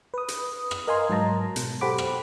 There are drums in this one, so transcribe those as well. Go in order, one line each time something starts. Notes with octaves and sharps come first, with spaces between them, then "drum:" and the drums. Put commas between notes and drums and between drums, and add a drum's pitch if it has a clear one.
B4 D#6
drum: hi-hat
drum: rim click
A#4 D#5 F5 G#5 A#5 C6
G#2 F#3 A5 A#5
B2, drum: hi-hat
G4 A4 C5 F#5 B5 D6
drum: rim click